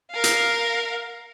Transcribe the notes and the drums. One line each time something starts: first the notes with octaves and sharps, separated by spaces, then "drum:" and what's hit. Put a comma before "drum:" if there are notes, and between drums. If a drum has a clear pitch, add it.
A#4 F5
drum: hi-hat